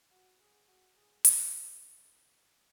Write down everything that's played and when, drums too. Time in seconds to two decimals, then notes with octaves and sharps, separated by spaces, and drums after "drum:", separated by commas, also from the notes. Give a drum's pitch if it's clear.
0.11 F#4
0.40 G#4
0.67 F#4
0.96 G#4
1.25 B4, drum: hi-hat